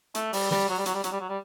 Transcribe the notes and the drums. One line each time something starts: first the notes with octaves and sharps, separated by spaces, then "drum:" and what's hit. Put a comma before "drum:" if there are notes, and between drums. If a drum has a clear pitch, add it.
A3, drum: hi-hat
G3, drum: open hi-hat
G3, drum: snare
F#3
G3
F#3, drum: hi-hat
G3
F#3, drum: hi-hat
G3
F#3
G3